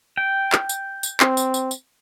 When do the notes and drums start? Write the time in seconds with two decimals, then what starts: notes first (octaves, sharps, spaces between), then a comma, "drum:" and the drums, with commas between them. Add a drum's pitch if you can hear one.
0.17 G5
0.52 drum: clap
0.69 drum: tambourine
1.03 drum: tambourine
1.20 C4, drum: clap
1.37 drum: tambourine
1.54 drum: tambourine
1.71 drum: tambourine